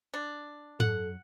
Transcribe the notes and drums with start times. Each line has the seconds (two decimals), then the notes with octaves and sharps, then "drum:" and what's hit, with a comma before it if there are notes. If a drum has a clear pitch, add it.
0.14 D4
0.80 F#2 A4 F#5, drum: tom G#2